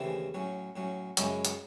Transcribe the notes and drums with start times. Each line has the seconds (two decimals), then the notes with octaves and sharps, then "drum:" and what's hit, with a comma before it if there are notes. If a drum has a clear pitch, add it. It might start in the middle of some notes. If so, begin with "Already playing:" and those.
Already playing: D#2 C#3 E3 A3 C4
0.34 A2 F#3 C#4
0.76 A2 F#3 C#4
1.17 F#2 C#3 G#3 C#4 E4 C#5, drum: hi-hat
1.45 drum: hi-hat